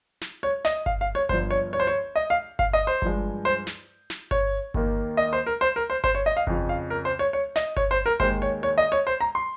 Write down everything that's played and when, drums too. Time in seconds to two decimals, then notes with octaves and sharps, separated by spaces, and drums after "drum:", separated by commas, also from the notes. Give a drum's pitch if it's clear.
0.22 drum: snare
0.43 C#5
0.65 D#5, drum: snare
0.86 F5, drum: kick G1
1.01 F5
1.15 C#5
1.29 G1 G2 F3 C5, drum: kick G1
1.51 C#5
1.73 C#5
1.80 C5
1.87 C#5
2.16 D#5
2.30 F5
2.59 F5, drum: kick G1
2.73 D#5
2.87 C5
3.02 G2 F3 G#3, drum: kick G1
3.45 C5
3.67 drum: snare
4.10 drum: snare
4.31 C#5, drum: kick G1
4.74 D#2 D#3 A#3, drum: kick G1
5.17 D#5
5.33 C5
5.46 A#4
5.61 C5
5.76 A#4
5.90 C5
6.04 C5, drum: kick G1
6.15 C#5
6.26 D#5
6.37 F5
6.47 F2 C#3 F3, drum: kick G1
6.69 F5
6.90 A#4
7.05 C5
7.19 C#5
7.33 C#5
7.56 D#5, drum: snare
7.77 C#5, drum: kick G1
7.91 C5
8.06 A#4
8.20 D#2 D#3 G#3 C5, drum: kick G1
8.42 C#5
8.63 C#5
8.78 D#5
8.92 C#5
9.07 C5
9.21 A#5
9.35 C6